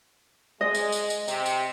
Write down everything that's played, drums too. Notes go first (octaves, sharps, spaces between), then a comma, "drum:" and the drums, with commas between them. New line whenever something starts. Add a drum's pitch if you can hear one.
G#3 D#5
drum: tambourine
drum: tambourine
drum: tambourine
C3, drum: tambourine
drum: tambourine